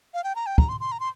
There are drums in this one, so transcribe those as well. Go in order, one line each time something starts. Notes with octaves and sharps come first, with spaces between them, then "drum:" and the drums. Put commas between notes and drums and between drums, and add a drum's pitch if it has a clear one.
F5
G5
A#5
G5
A#5, drum: kick
C6
C6
A#5
C6